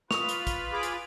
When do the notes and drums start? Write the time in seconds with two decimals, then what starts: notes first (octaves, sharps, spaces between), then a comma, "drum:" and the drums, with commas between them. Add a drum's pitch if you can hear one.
0.11 F4 B4 C#6 D#6 F7, drum: snare
0.29 drum: hi-hat
0.47 drum: kick, hi-hat
0.73 G#4 B5 D6
0.83 drum: hi-hat